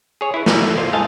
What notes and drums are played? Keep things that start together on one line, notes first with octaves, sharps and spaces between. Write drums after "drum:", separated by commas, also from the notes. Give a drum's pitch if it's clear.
G#4 C#5
E4 B4
B2 E3 F#3 G3 D#4, drum: snare
A3 B4
F4 C5 D5
G#2 A3 D#5 F5 G#5 A5